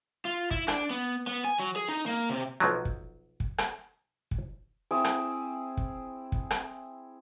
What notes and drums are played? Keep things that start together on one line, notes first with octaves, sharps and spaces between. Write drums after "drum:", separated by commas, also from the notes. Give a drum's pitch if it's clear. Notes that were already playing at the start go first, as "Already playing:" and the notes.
F4
E4, drum: kick
D4, drum: rim click
B3
B3
G#5
F#3
G#4
D#4
A#3
C3
B1 F3 F#3
drum: kick
drum: kick
drum: rim click
drum: kick
C4 E4 G#4 D6
drum: rim click
drum: kick
drum: kick
drum: rim click